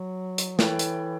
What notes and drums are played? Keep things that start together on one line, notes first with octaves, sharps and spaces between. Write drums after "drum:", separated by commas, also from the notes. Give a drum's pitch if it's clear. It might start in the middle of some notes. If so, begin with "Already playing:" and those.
Already playing: F#3
drum: hi-hat
E3 E4 A4 C#5 G5, drum: snare
drum: hi-hat